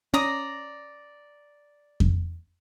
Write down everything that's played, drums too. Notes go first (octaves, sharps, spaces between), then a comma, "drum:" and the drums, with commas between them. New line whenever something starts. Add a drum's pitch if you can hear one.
C#4 D5 A#5 D#6
drum: kick F2